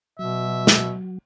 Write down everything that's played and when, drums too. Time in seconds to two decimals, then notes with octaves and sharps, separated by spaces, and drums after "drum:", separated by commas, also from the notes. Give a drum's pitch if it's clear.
0.19 B2 F#3 E5
0.67 drum: snare